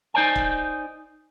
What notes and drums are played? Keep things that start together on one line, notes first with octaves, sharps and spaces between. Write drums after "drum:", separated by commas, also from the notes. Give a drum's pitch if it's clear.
D#4 C5 D5 G#5
drum: kick